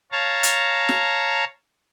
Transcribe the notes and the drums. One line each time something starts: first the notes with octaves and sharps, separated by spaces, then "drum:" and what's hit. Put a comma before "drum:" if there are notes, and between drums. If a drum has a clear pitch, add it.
C#5 F5 A5 A#5
drum: hi-hat
drum: snare